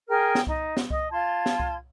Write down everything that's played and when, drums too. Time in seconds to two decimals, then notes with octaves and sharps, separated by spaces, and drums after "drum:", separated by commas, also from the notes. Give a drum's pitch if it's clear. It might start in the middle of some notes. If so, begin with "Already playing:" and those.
0.08 G#4 A#4 G5 F6
0.35 drum: snare
0.47 D#4, drum: kick C2
0.77 drum: snare
0.90 D#5, drum: kick C2
1.11 F4 A5 C6 G#6
1.46 drum: snare
1.60 drum: kick C2